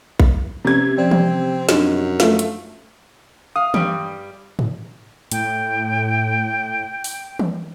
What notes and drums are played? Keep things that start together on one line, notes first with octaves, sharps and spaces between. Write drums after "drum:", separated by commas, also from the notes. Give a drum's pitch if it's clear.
drum: kick
C3 C#4 G#6
F3 C4 D5
drum: tom D#3
F#2 D4 D#4 D#5, drum: snare
A3 F4, drum: snare
drum: hi-hat
F5 D#6
G2 G3, drum: tom D#3
drum: tom G#2
A2 G5, drum: hi-hat
drum: open hi-hat
drum: tom D#3